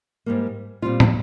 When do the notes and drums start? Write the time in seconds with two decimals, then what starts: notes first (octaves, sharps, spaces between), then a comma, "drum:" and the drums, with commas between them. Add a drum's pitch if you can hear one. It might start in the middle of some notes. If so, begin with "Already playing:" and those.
0.26 G#2 G3 A#3
0.82 A#2 G3 C4 F4
1.00 drum: tom